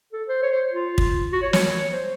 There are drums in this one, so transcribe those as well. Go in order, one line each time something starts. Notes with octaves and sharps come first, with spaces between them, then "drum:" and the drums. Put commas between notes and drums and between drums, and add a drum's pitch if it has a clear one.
A4
C5
C#5
C5
F4
drum: kick
F#4
C#5
C#5, drum: snare
C5